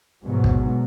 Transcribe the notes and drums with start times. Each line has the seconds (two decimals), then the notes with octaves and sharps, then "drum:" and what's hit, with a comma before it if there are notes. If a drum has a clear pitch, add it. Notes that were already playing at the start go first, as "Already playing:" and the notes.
0.24 G#2 B2 F#3
0.44 drum: kick